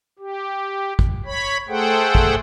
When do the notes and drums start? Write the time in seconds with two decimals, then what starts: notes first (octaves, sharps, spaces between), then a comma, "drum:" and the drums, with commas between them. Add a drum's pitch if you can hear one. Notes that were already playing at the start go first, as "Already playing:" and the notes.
0.19 G4
0.99 drum: kick
1.25 C#5 B5
1.68 A3 G#4 A4 C5 F#5 G5
2.15 drum: kick